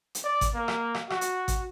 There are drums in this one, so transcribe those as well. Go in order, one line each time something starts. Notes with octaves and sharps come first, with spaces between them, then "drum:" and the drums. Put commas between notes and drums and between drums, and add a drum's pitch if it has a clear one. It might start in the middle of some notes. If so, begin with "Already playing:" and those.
drum: hi-hat
D5
drum: kick, hi-hat
A#3
drum: rim click
drum: rim click
F#4, drum: rim click
drum: hi-hat
drum: kick, hi-hat